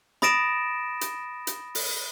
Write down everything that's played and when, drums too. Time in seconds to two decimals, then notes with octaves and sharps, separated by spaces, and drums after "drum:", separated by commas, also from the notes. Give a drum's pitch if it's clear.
0.22 B5 D#6 A6 A#6 D7 E7, drum: snare
1.01 drum: hi-hat
1.47 drum: hi-hat
1.75 drum: open hi-hat